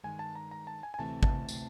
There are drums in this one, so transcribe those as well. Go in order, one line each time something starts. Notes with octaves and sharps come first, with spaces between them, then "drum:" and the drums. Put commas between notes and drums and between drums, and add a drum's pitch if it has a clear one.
G2 D#3 G#3 G#5
A5
A#5
A#5
A5
G#5
G#5
D2 C3 E3 A3 C4 A5
A5, drum: kick
drum: tambourine